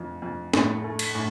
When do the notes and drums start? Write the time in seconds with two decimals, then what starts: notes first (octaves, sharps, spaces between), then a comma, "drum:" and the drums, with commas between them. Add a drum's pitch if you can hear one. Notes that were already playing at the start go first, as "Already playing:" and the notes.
Already playing: F2
0.22 F2
0.54 A2, drum: snare
0.84 A3
0.99 drum: cymbal
1.15 A2